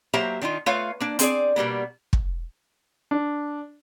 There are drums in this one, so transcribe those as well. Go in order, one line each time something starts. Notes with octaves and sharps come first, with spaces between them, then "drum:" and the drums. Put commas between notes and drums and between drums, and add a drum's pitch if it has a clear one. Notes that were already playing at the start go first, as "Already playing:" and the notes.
F#3 A#3 G4 C5 E5 A#5
D#3 D4 D#4 F4
A3 F4 B4 C#5 F5
A#3 D4
C4 G#4 D5, drum: hi-hat
B2 G3 A#3 B3
drum: kick
D4